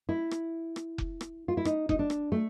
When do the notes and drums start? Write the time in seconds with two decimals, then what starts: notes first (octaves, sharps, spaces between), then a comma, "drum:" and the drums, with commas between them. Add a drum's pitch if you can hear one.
0.09 E4
0.31 drum: rim click
0.76 drum: rim click
0.98 drum: kick F1
1.21 drum: rim click
1.48 F4
1.57 E4
1.65 D#4, drum: rim click
1.89 D#4, drum: kick F1
1.99 D4
2.10 drum: rim click
2.32 A3